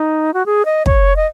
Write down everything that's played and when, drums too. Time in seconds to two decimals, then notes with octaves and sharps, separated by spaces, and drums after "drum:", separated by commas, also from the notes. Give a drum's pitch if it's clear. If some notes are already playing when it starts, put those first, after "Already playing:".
Already playing: D#4
0.34 F#4
0.46 G#4
0.65 D#5
0.86 C#5, drum: kick
1.16 D#5